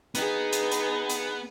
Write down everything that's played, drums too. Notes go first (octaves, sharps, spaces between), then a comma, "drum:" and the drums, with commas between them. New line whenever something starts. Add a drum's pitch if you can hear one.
B3 D#4 G#4, drum: hi-hat
drum: hi-hat
drum: hi-hat
drum: hi-hat